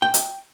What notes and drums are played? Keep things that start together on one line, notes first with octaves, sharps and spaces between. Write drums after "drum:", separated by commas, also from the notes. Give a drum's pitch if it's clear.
G5
drum: hi-hat